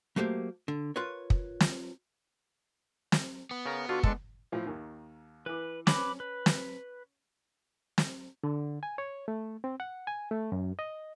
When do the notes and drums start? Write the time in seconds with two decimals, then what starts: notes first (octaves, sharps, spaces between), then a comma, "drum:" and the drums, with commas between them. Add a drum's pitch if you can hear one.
0.16 F#3 A3 A#3 G4 C5
0.68 D3
0.96 F4 A#4 B4 C#5
1.30 drum: kick
1.60 drum: snare
3.12 drum: snare
3.51 B3
3.66 C#3 A#4
3.89 D3 F4 F#4
4.03 G#3 D4 A4, drum: kick
4.52 A2 F3
4.66 D#2 D#3
5.46 E3 B4 D6
5.87 C#4 B4 B5 D6, drum: snare
6.20 B4
6.46 drum: snare
7.98 drum: snare
8.44 D3
8.83 G#5
8.98 C#5
9.28 A3
9.64 C4
9.80 F#5
10.07 G#5
10.31 A3
10.52 F#2
10.79 D#5